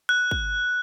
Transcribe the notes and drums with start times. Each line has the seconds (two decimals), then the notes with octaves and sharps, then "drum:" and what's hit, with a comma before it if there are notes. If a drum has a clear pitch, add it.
0.09 F#6
0.31 drum: kick